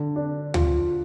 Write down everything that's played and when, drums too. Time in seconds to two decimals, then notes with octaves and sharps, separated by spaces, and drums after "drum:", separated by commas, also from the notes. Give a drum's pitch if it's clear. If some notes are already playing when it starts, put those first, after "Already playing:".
Already playing: D3
0.16 D4
0.54 F4, drum: tom D2